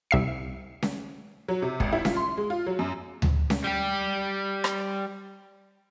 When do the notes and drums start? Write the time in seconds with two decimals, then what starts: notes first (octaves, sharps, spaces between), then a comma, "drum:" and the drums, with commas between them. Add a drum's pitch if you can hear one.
0.11 C2 E5 C7
0.82 drum: snare C#4
1.48 F#3
1.62 C3
1.80 G#1, drum: kick
1.93 E4
2.05 F4, drum: snare C#4
2.16 C6
2.37 G#3
2.50 F4
2.66 F#3
2.79 F#2
3.22 drum: tom D2
3.50 drum: snare C#4
3.64 G3 G4
4.64 drum: rim click